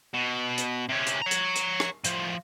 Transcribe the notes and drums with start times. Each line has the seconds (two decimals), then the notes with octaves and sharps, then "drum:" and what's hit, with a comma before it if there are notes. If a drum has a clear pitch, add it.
0.14 B2
0.58 drum: hi-hat
0.89 C3 C#4
1.07 drum: hi-hat
1.22 C#5 A#5
1.31 drum: hi-hat
1.56 drum: hi-hat
1.80 drum: rim click
2.04 A2 F3, drum: hi-hat